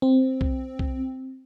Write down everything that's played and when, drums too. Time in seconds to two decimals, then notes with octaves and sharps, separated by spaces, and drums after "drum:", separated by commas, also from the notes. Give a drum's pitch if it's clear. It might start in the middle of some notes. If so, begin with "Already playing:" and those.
0.02 C4
0.41 drum: kick B1
0.79 drum: kick B1